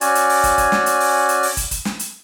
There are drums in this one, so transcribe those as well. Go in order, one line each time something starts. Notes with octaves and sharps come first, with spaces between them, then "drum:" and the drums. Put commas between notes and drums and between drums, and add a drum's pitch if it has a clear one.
C#4 F#4 D5 G#5, drum: hi-hat
drum: hi-hat
drum: open hi-hat
drum: kick, hi-hat
drum: kick, hi-hat
drum: snare
drum: hi-hat
drum: open hi-hat
drum: hi-hat
drum: open hi-hat
drum: kick, hi-hat
drum: kick, hi-hat
drum: snare
drum: hi-hat